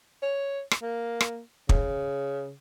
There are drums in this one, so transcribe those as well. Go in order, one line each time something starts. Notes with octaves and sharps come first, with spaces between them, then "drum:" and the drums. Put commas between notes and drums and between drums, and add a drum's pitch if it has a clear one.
C#5
drum: rim click
A#3
drum: rim click
C#3, drum: kick